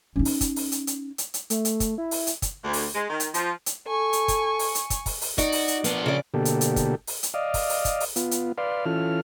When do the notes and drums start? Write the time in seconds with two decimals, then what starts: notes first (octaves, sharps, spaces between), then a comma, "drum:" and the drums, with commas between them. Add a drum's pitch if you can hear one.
0.16 C#4 D#4
0.25 drum: open hi-hat
0.41 drum: kick, hi-hat
0.56 drum: open hi-hat
0.72 drum: hi-hat
0.87 drum: hi-hat
1.18 drum: hi-hat
1.34 drum: hi-hat
1.50 A3, drum: hi-hat
1.65 drum: hi-hat
1.80 drum: kick, hi-hat
1.98 E4
2.11 drum: open hi-hat
2.27 drum: hi-hat
2.42 drum: kick, hi-hat
2.64 D2
2.73 drum: open hi-hat
2.94 G#3
3.10 D#3
3.20 drum: hi-hat
3.34 F3, drum: hi-hat
3.66 drum: hi-hat
3.87 A4 G#5 C#6
4.13 drum: hi-hat
4.28 drum: kick, hi-hat
4.59 drum: open hi-hat
4.75 drum: hi-hat
4.90 drum: kick, hi-hat
5.06 drum: kick, open hi-hat
5.21 drum: open hi-hat
5.38 D#4 F#4 D5, drum: kick, hi-hat
5.52 drum: open hi-hat
5.68 drum: hi-hat
5.84 F3 B3 D4, drum: hi-hat
6.06 C#3 D5
6.34 B2 D3 A#3 G4 A4
6.45 drum: hi-hat
6.61 drum: hi-hat
6.76 drum: kick, hi-hat
7.07 drum: open hi-hat
7.23 drum: hi-hat
7.34 D5 D#5 F5
7.54 drum: kick, open hi-hat
7.69 drum: open hi-hat
7.85 drum: kick, hi-hat
8.00 drum: open hi-hat
8.16 B3 F4, drum: hi-hat
8.31 drum: hi-hat
8.58 B4 D5 F5 C6
8.86 E3 C#4 F4 A4 F6